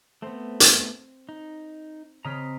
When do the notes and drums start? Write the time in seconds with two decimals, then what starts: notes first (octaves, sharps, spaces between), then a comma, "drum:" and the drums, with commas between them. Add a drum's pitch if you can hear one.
0.22 A3 B3 C4
0.60 drum: hi-hat
1.29 D#4
2.25 C#3 C4 D#5 A#5 F6 B6